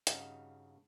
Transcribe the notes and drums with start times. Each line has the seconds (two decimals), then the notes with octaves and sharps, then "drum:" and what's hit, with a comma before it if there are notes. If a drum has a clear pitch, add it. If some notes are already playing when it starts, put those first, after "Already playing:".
0.07 G2 C#3 D#4 F#4 D#5 F5, drum: hi-hat